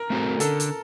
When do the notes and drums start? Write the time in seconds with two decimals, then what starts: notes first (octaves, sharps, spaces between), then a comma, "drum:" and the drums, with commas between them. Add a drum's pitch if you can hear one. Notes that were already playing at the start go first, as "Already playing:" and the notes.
Already playing: A#4
0.10 A3 C4 F#4 A4
0.40 D3 A4, drum: hi-hat
0.60 drum: hi-hat